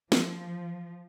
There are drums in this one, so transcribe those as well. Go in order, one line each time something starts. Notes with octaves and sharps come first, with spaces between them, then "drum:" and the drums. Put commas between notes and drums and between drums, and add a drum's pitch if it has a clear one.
F3, drum: snare